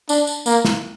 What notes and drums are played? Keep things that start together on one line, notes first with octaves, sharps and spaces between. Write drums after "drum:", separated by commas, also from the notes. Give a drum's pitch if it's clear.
D4, drum: tambourine
drum: tambourine
A#3, drum: tambourine
drum: snare